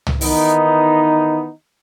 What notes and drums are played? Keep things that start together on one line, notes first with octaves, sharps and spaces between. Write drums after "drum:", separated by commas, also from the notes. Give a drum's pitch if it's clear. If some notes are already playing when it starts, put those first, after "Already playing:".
drum: tom
D#3 E3 B3 D#4, drum: open hi-hat